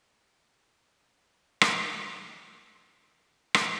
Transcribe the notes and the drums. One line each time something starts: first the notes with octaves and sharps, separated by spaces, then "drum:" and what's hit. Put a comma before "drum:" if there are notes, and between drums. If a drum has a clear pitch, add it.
F1 E2 B2 F#3
drum: rim click
C3 E3 G#3 C4 F4
drum: rim click